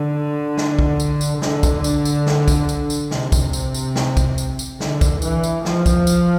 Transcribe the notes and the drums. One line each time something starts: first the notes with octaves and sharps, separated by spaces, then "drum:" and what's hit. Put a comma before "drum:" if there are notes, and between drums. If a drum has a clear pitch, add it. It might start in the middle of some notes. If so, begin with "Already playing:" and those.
Already playing: D3
drum: snare
drum: kick
drum: tambourine
drum: tambourine
D3, drum: snare
drum: kick, tambourine
drum: tambourine
drum: tambourine
drum: snare
drum: kick, tambourine
drum: tambourine
drum: tambourine
C3, drum: snare
drum: kick, tambourine
drum: tambourine
drum: tambourine
drum: snare
drum: kick, tambourine
drum: tambourine
drum: tambourine
D3, drum: snare
drum: kick, tambourine
E3, drum: tambourine
drum: tambourine
F3, drum: snare
drum: kick, tambourine
drum: tambourine